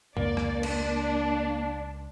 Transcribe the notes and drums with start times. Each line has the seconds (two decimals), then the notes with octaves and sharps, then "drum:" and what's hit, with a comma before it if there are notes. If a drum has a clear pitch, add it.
0.17 C#2 A#3 D5, drum: tom F2
0.37 drum: rim click
0.63 D4, drum: cymbal